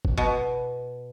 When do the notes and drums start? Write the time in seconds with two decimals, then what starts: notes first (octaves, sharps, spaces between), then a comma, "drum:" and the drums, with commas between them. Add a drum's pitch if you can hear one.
0.05 drum: kick F#1
0.17 B2